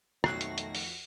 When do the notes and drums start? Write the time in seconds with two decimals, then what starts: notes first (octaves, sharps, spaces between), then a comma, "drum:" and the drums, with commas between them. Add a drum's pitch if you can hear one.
0.24 B1 F2 D#3 A3 F#4 F#6 A#6 C7, drum: rim click
0.41 drum: hi-hat
0.58 drum: hi-hat
0.75 drum: open hi-hat